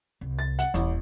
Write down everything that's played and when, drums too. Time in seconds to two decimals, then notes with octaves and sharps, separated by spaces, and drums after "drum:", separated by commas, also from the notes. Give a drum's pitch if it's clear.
0.21 C2
0.39 A6
0.59 F#5, drum: hi-hat
0.74 D#1 A1, drum: hi-hat